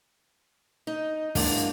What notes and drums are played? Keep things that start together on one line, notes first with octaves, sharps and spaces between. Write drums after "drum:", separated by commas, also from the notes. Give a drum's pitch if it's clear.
D#4
E2 F#3 G#3 A#3 D4 F5, drum: kick, open hi-hat